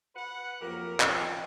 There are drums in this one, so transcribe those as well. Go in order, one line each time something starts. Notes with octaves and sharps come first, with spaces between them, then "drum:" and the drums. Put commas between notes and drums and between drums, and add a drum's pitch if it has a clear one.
B4 F#5
F2 F#3 A#3 G4 A#4
F3 C#4 D#5 G5 E6, drum: clap